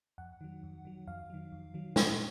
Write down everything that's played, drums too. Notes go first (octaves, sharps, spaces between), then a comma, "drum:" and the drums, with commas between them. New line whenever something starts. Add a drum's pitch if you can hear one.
F2 F#5
D#3 F#3
F2
D#3 F#3
F2 F5
D#3 F#3
F2
D#3 F#3
A#2, drum: snare